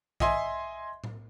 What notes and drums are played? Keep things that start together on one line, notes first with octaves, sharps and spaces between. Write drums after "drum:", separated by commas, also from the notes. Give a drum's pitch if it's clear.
D#5 E5 G#5 C6, drum: kick A#1
drum: tom A2